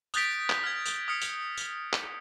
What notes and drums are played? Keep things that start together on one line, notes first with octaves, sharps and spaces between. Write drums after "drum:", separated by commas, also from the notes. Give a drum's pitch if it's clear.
D#6 F#6 G6 A6 B6 D7, drum: tambourine
drum: clap
F6 G#6
drum: tambourine
D#6 F6 C#7
drum: tambourine
drum: tambourine
drum: clap